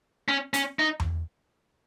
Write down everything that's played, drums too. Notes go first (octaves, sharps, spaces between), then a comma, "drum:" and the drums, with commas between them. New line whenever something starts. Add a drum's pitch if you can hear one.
C#4
C#4, drum: hi-hat
D#4
drum: tom E2